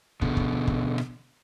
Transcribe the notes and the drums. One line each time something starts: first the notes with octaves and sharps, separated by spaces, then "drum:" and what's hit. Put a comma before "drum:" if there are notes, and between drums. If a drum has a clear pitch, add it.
B2 D3, drum: kick
drum: kick
drum: kick
drum: rim click